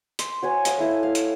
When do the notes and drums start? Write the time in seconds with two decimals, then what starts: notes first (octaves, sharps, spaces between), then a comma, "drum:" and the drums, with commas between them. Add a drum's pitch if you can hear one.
0.19 C6, drum: hi-hat
0.43 F#4 C#5 G#5
0.65 F5 D#6, drum: hi-hat
0.78 A3 E4 E5
1.03 F5
1.15 drum: hi-hat